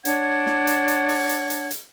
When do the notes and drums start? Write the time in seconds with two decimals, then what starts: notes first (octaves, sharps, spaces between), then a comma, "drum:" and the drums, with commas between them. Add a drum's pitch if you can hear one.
0.05 D4 C#5 F#5 G#6, drum: hi-hat
0.46 drum: snare
0.67 drum: hi-hat
0.88 drum: hi-hat
1.09 drum: open hi-hat
1.29 drum: hi-hat
1.50 drum: hi-hat
1.71 drum: hi-hat